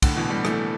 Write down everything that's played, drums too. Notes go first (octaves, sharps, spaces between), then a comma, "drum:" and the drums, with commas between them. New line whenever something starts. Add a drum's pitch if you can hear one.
A2 D3, drum: kick, cymbal
B2 E3
D3 G3
E3 A3, drum: rim click